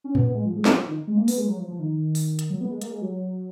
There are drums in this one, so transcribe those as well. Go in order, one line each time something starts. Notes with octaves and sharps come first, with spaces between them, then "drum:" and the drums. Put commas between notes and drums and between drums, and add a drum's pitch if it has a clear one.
C#4
B3, drum: tom A2
B3
G#3
F3
G#3
F#3, drum: snare
F3
D#3
G#3
A#3
B3, drum: open hi-hat
G#3
F#3
F3
F3
D#3
drum: open hi-hat
drum: hi-hat
F#3
B3
G#3
A#3, drum: hi-hat
G#3
F#3